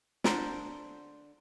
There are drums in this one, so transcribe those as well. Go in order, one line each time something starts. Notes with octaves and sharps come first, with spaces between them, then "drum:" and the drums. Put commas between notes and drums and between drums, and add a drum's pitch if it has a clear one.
D3 A#4 C5, drum: snare